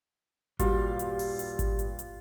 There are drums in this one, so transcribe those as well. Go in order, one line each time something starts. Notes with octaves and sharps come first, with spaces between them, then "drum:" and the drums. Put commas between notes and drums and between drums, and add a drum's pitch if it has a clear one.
D#1 G2 G3 F4 F#4, drum: kick G#1, hi-hat
drum: hi-hat
drum: open hi-hat
drum: hi-hat
drum: kick G#1, hi-hat
drum: hi-hat
drum: hi-hat